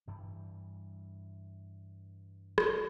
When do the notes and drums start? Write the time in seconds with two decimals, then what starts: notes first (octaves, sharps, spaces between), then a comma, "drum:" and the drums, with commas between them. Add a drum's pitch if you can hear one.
0.07 G2 E3 G3
2.58 drum: rim click